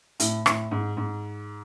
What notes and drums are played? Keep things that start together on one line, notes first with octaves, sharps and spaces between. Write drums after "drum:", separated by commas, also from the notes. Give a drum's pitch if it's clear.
A2, drum: hi-hat
A2, drum: rim click
G#2
G#2